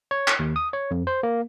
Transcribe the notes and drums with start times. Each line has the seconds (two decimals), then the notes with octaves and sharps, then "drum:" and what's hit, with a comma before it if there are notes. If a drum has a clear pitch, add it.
0.11 C#5
0.28 drum: clap
0.39 D#2
0.56 D#6
0.73 C#5
0.91 F2
1.07 C5
1.23 A#3